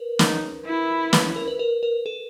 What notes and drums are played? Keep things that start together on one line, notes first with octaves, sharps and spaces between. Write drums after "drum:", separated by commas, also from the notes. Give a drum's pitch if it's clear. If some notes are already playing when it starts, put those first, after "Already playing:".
Already playing: A#4 B4
D#4, drum: snare
E4
B4, drum: snare
A#4
B4
A#4
A#4
A4